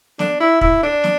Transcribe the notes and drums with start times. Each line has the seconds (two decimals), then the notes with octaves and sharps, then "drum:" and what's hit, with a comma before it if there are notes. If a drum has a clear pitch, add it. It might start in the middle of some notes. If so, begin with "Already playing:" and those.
0.19 D4, drum: snare
0.40 E4
0.61 E4, drum: kick
0.83 D4
1.04 drum: snare